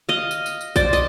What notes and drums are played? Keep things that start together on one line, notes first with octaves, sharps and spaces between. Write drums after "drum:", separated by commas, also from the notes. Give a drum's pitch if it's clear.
D#5 F5
drum: tambourine
drum: tambourine
drum: tambourine
C5 D5, drum: kick A1, tambourine
D#5, drum: tambourine